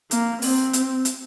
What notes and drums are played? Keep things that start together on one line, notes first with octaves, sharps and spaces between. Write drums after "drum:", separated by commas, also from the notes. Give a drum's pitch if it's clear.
A#3, drum: hi-hat
C4, drum: open hi-hat
drum: hi-hat
drum: hi-hat